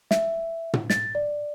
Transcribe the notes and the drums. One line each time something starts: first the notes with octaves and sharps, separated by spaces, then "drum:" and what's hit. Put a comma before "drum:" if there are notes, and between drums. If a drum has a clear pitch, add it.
E5, drum: snare
drum: tom
A6, drum: snare
D5